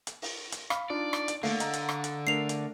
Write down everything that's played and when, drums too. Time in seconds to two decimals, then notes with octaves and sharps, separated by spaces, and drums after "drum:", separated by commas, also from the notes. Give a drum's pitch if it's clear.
0.07 drum: hi-hat
0.22 drum: open hi-hat
0.52 drum: hi-hat
0.70 F5 B5, drum: rim click
0.90 D4 D#4 F4 D5
1.13 drum: rim click
1.28 drum: hi-hat
1.43 D3 A3 A#3 F5, drum: open hi-hat
1.60 D#5 F#5 A#5, drum: hi-hat
1.73 drum: hi-hat
1.89 drum: rim click
2.04 drum: hi-hat
2.27 A3 D4 A#4 C7 F7
2.49 drum: hi-hat